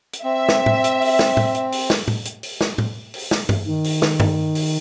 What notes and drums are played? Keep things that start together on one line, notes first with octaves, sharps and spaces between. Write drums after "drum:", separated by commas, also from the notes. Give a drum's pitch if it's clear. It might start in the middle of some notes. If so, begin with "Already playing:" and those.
drum: hi-hat
C4 E5
drum: snare
drum: tom A2
drum: hi-hat
drum: open hi-hat
drum: snare
drum: tom A2
drum: hi-hat
drum: open hi-hat
drum: snare
drum: tom A2
drum: hi-hat
drum: open hi-hat
drum: snare
drum: tom A2
drum: open hi-hat
drum: snare
drum: tom G2
D#3
drum: open hi-hat
drum: snare
drum: tom G2
drum: open hi-hat